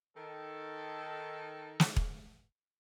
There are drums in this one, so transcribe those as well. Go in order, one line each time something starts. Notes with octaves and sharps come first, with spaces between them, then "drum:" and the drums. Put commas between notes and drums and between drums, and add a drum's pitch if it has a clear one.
D#3 A4
drum: snare
drum: kick E1